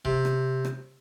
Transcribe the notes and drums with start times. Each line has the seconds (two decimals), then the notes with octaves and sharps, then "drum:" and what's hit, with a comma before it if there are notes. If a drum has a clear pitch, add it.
0.05 C3, drum: kick
0.25 drum: rim click
0.65 drum: rim click